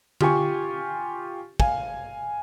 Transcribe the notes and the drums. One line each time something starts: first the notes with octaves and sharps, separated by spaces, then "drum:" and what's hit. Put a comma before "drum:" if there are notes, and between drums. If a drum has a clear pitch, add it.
F4 G4 G#5 C#6, drum: tom D3
F5 G#5, drum: kick